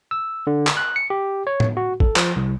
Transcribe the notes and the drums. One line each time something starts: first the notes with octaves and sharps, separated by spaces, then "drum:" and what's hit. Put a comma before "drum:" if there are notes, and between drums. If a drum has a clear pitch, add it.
E6
D3
drum: clap
F#6
C#7
G4
C#5
drum: tom A2
F#4
A4, drum: kick
F3, drum: clap
C2